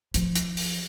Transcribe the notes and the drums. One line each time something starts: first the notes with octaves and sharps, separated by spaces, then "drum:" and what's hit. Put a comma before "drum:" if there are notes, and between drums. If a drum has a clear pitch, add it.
F3, drum: hi-hat
drum: hi-hat
drum: open hi-hat